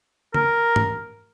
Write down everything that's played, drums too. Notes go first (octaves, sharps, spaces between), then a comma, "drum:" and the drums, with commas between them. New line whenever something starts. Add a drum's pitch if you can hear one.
A#4, drum: tom
drum: tom G#2